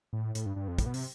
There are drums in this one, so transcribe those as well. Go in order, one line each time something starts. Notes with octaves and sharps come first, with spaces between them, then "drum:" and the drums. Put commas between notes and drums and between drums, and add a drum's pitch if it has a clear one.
A2
A2, drum: hi-hat
G2
G2
F2
A2, drum: kick, hi-hat
B2
C3, drum: open hi-hat